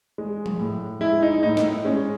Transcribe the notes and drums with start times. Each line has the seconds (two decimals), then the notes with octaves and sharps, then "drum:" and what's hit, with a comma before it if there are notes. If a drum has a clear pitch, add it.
0.18 G#3
0.46 drum: tom F3
0.59 A2
1.01 G#3 E4
1.22 D#4
1.43 A2 D#4
1.57 drum: snare
1.85 G#3 C#4